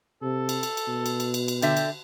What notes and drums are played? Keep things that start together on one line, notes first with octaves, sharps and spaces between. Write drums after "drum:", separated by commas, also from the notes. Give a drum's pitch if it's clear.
C3 A4
drum: cymbal
drum: cymbal
drum: cymbal
B2
drum: cymbal
drum: cymbal
drum: cymbal
drum: cymbal
D3 E5 G5, drum: cymbal
drum: cymbal